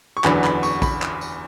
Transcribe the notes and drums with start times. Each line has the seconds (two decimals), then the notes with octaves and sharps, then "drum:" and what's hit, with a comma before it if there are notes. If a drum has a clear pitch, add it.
0.17 C#6
0.24 F#1 E2 D3 F#3 B3 B5, drum: clap
0.44 B5, drum: clap
0.63 C#6, drum: tambourine
0.82 B5, drum: kick, tambourine
1.02 drum: clap
1.21 drum: tambourine